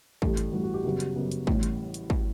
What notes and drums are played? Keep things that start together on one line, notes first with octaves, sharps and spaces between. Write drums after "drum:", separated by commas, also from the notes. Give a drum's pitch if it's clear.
A1 G2 E3 G3 A4, drum: kick
G4, drum: hi-hat
A1 G2 E3 G3 F#4
F#4
G4
F#2 C#3 G3 B3 F#4
drum: hi-hat
F#2 C#3 G3 B3
drum: hi-hat
A1 A2 E3 G3 C#4, drum: kick
drum: hi-hat
drum: hi-hat
drum: kick